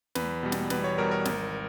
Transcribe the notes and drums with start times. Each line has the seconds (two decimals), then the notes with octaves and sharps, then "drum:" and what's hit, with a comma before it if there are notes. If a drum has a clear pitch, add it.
0.15 E2 B4, drum: snare
0.43 B2 G3
0.52 drum: snare
0.70 E2 B4, drum: snare
0.84 C#5
0.98 B2 G3 A#4
1.11 A#4
1.25 G#1, drum: snare